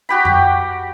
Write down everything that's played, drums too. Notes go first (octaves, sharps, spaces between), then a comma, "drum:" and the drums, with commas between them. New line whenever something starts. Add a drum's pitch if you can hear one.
F#4 G4 B5
drum: tom F2